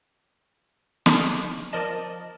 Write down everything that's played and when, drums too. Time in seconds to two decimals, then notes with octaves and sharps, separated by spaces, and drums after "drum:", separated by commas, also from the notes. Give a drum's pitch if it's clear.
1.06 drum: snare
1.73 F3 A#4 D5 D#5 A5